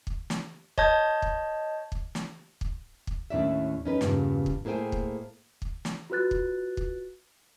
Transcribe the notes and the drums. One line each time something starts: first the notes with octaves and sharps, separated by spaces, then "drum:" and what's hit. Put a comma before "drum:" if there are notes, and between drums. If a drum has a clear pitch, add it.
drum: kick
drum: snare
C#5 D#5 A5 G6 G#6, drum: kick
drum: kick
drum: kick
drum: snare
drum: kick
drum: kick
D#2 A2 C#4 D4 D5 E5
C#4 D#4 B4
E2 G2 A#2 C#3, drum: snare
drum: kick
A2 A#3 G#4 C5 G5 G#5
drum: kick
drum: kick
drum: snare
F4 F#4 B4 F#6 A6
drum: kick
drum: kick